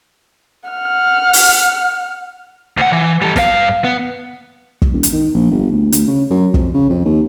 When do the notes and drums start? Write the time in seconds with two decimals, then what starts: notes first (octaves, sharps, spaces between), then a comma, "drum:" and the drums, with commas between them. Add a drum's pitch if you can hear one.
0.69 F#5 F6
1.33 drum: open hi-hat
2.77 D2 F#5
2.93 E3
3.22 G3 A4
3.36 G2 F5, drum: snare
3.85 B3
4.82 drum: kick
4.93 E1
5.03 drum: hi-hat
5.12 D#3
5.34 A#1
5.51 G1
5.71 D2
5.92 D2, drum: hi-hat
6.08 C#3
6.31 F#2
6.54 F2, drum: kick
6.74 C#3
6.90 F2
7.05 D#2